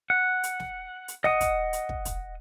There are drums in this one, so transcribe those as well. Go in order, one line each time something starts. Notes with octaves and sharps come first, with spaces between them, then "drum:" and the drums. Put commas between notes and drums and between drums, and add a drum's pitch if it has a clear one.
F#5
drum: hi-hat
drum: snare
drum: hi-hat
D#5 F#5 D#6, drum: snare
drum: kick, hi-hat
drum: hi-hat
drum: kick
drum: kick, hi-hat